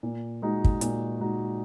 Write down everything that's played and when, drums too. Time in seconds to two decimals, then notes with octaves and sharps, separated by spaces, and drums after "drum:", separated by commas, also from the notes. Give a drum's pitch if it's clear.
0.03 A#2
0.42 G#3 D#4 F#4
0.64 drum: kick
0.81 A#2, drum: hi-hat
1.20 G#3 D#4 F#4